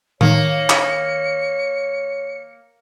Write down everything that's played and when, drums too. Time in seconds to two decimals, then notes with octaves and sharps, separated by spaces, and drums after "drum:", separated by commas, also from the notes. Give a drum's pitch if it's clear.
0.21 D#3 A#3 C#5 C#7, drum: tom A2
0.70 drum: clap